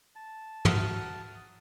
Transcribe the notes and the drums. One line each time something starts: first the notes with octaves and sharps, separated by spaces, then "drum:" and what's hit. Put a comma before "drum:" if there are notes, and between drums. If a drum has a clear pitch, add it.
A5
F#3 E5 F#5 D#6 F6 C7, drum: tom